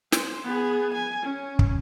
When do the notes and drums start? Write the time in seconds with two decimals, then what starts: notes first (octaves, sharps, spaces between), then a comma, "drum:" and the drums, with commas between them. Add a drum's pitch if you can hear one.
0.12 C5, drum: snare
0.44 B3 G#4
0.93 G#5
1.22 C#4
1.59 drum: kick